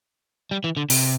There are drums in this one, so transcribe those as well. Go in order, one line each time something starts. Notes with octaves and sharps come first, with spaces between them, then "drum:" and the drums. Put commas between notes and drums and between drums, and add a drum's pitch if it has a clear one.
G3
E3
D3
C3, drum: open hi-hat